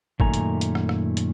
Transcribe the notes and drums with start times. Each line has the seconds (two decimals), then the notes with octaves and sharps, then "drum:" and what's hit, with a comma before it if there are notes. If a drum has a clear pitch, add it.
0.20 F#2 A#2 D#3 A3 G#5 A#5, drum: kick
0.34 drum: hi-hat
0.61 drum: hi-hat
0.75 drum: rim click
0.89 drum: rim click
1.17 drum: hi-hat